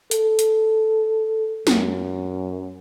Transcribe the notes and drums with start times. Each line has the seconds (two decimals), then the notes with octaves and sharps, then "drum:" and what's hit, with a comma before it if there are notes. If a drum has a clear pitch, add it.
0.11 A4, drum: hi-hat
0.39 drum: hi-hat
1.67 F#2, drum: snare